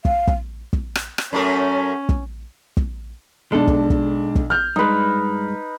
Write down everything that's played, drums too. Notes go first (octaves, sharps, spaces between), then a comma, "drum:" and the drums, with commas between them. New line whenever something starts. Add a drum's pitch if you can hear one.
F5, drum: kick
drum: kick
drum: kick
drum: rim click
drum: rim click
F#2 A3 C#4 A#4
drum: kick
drum: kick
B1 G#3 D4 A4
drum: kick
drum: kick
drum: kick
F6 G6
G2 G#3 D#4 B4